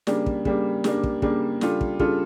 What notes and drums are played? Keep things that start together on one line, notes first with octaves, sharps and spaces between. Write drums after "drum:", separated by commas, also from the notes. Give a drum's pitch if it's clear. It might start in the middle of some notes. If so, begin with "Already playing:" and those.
C#3 G3 A#3 D4, drum: snare
drum: kick
C#3 G3 A#3 D4, drum: kick
C#3 G3 A#3 D4, drum: snare
drum: kick
C#3 G3 A#3 D4, drum: kick
C#3 G3 D4 F4 A4, drum: snare
drum: kick
C#3 G3 D4 F4 A4, drum: kick